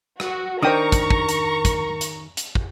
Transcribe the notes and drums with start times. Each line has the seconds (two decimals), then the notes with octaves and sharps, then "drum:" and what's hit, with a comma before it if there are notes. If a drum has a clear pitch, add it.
0.20 F#4, drum: rim click
0.63 D#3 D4 A#4 C5 G5 A#5 C#6 D#6
0.92 drum: kick, hi-hat
1.10 drum: kick
1.29 drum: hi-hat
1.65 drum: kick, hi-hat
2.01 drum: hi-hat
2.37 drum: hi-hat
2.55 drum: kick